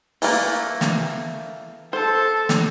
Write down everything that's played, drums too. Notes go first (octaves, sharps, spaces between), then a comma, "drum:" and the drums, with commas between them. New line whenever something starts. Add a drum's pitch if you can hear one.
E3 A3 A#3, drum: open hi-hat
drum: snare
A4 C5
drum: snare